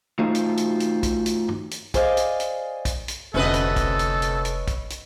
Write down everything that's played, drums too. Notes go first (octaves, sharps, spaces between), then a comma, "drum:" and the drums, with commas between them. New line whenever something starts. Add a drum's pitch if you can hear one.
A3 D#4 F4 F#4 C5
drum: hi-hat
drum: hi-hat
drum: hi-hat
drum: kick, hi-hat
drum: hi-hat
drum: tom
drum: hi-hat
G#4 C5 D5 D#5 F5, drum: kick, hi-hat
drum: hi-hat
drum: hi-hat
drum: kick, hi-hat
drum: hi-hat
F1 D2 C3 C#4 A4 B4 D#5
drum: hi-hat
drum: kick, hi-hat
drum: hi-hat
drum: hi-hat
drum: hi-hat
drum: kick, hi-hat
drum: hi-hat